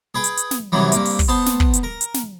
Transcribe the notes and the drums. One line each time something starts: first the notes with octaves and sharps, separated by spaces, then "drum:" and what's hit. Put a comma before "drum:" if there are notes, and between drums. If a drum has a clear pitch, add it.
G#4 B4 G5
drum: hi-hat
drum: hi-hat
drum: snare
C3 D#3 E3 F#3 G3
G2 A#3 C4, drum: hi-hat
drum: open hi-hat
drum: kick, open hi-hat
B3 C5 A5 C6
drum: snare
drum: kick
drum: hi-hat
A#4
drum: hi-hat
drum: snare